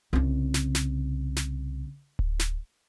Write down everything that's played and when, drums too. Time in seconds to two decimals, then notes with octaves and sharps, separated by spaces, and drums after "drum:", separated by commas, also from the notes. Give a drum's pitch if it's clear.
0.13 C2 C#3
0.54 drum: snare
0.75 drum: snare
1.36 drum: snare
2.19 drum: kick D1
2.39 drum: snare